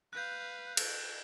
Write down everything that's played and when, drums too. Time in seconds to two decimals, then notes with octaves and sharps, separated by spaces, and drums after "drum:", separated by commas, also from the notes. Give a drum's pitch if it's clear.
0.13 B4 F5 F#6 G6
0.77 A4, drum: cymbal